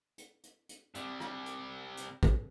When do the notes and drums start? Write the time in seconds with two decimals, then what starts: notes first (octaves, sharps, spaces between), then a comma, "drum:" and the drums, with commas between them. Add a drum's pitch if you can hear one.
0.18 drum: hi-hat
0.43 drum: hi-hat
0.69 drum: hi-hat
0.95 C3 G3, drum: hi-hat
1.20 drum: rim click
1.46 drum: hi-hat
1.97 drum: hi-hat
2.23 drum: kick, hi-hat